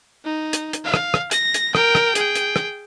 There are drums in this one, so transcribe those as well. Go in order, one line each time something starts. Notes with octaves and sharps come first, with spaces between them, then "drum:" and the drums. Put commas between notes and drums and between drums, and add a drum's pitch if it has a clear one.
D#4
drum: hi-hat
drum: hi-hat
F5
drum: rim click
drum: rim click
A#6, drum: hi-hat
drum: hi-hat
A#4 G5, drum: rim click
drum: rim click
G#4 G5, drum: hi-hat
drum: hi-hat
drum: rim click